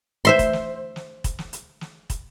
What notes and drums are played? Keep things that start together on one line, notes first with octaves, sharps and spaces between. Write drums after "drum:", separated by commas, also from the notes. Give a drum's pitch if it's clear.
C5 E5 C6
drum: kick, hi-hat
drum: snare
drum: snare
drum: kick, hi-hat
drum: snare
drum: hi-hat
drum: snare
drum: kick, hi-hat